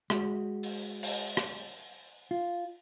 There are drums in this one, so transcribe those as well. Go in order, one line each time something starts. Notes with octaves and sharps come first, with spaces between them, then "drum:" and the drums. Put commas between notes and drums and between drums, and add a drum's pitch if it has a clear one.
G#3 F#4, drum: rim click
drum: open hi-hat
drum: open hi-hat
drum: rim click
F4